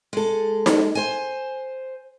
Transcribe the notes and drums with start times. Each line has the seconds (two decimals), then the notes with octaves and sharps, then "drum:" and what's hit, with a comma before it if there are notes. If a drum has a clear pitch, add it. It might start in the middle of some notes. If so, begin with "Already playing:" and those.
0.13 G#3 A4
0.66 drum: snare D#4
0.95 C5 G#5